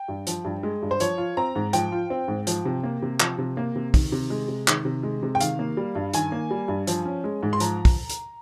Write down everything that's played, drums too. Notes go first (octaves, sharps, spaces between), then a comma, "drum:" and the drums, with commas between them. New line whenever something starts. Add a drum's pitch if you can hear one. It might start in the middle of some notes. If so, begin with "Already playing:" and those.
Already playing: G5
G2
F3, drum: hi-hat
G2
G#3
G2
C5
F3 C#5, drum: hi-hat
F4
C4 A#5
G#2
F3 G5, drum: hi-hat
F4
C4
G#2
F3, drum: hi-hat
C3
A#3
C3
F3, drum: clap
C3
A#3
C3
D#3, drum: kick, open hi-hat
C3
G#3
C3
D#3, drum: clap
C3
G#3
C3
G5
D#3 F5, drum: hi-hat
A#3
G3
G2
D#3 G#5, drum: hi-hat
A#3
G3
G2
F3, drum: hi-hat
C#4
G#3
G#2
C6
F3 A#5, drum: hi-hat
drum: kick, open hi-hat
drum: hi-hat